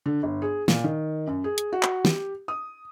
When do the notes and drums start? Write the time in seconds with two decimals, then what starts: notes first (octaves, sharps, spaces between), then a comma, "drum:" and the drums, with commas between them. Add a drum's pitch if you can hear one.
0.06 D3
0.23 G1
0.42 G#4
0.68 A#2, drum: snare
0.84 D#3
1.27 F#2
1.44 G#4
1.58 drum: hi-hat
1.73 F#4
1.83 drum: clap
2.05 G4, drum: snare
2.48 D#6